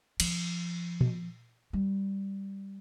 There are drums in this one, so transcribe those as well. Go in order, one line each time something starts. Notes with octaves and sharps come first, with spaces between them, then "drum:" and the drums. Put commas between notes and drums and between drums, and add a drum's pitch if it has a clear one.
F3, drum: cymbal
drum: tom A#2
G3